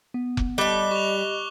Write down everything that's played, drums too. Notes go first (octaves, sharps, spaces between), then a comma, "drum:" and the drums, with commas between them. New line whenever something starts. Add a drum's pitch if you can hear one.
B3
drum: kick F1
G3 D#5 A5 D6 F#6 G7
G4 C#6 F7